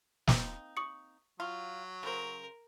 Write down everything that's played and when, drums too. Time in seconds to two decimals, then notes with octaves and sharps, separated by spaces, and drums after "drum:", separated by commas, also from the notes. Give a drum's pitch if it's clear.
0.27 A#3 C4 D#4, drum: snare
0.77 C#6 D#6 C#7
1.40 F#3 F4
2.03 C#3 A#4 C5